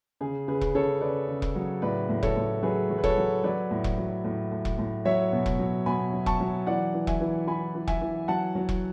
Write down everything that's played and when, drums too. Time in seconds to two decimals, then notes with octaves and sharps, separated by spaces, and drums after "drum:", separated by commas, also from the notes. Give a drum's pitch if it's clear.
0.21 C#3 G#4
0.48 C#3 G#4 B4
0.61 drum: kick E1
0.75 C#3 A4 C#5
1.01 C#3 B4 D5
1.29 C#3
1.42 drum: kick E1
1.56 F#3
1.82 A2 B4 D5
2.09 A2
2.23 A4 C#5, drum: kick E1
2.37 A2
2.63 F#3 G#4 B4
2.90 F#3
2.98 B4
3.04 A4 C#5, drum: kick E1
3.17 F#3
3.44 F#3 B4 D5
3.71 A2
3.84 drum: kick E1
3.98 F#3
4.24 A2
4.52 A2
4.65 drum: kick E1
4.78 A2
5.05 F#3 C#5 E5
5.32 B2
5.46 drum: kick E1
5.59 F#3
5.86 B2 G#5 B5
6.13 F#3
6.26 A5 C#6, drum: kick E1
6.40 F#3
6.67 E3 D5 F#5
6.94 E3
7.07 E5 G#5, drum: kick E1
7.21 E3
7.47 E3 G#5 B5
7.75 E3
7.87 E5 G#5, drum: kick E1
8.01 E3
8.28 F#3 F#5 A5
8.55 F#3
8.69 drum: kick E1